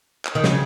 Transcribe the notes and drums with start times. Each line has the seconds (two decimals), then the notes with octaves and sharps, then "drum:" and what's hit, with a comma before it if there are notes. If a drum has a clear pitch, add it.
0.25 drum: clap
0.35 D#3
0.44 C#3, drum: snare